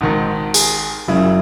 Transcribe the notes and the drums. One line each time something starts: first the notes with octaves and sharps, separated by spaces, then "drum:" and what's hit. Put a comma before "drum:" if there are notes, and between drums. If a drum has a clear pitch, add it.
G#1 G#2 D#3
G#4, drum: open hi-hat
F#1 F#2 C#3 F#3 E4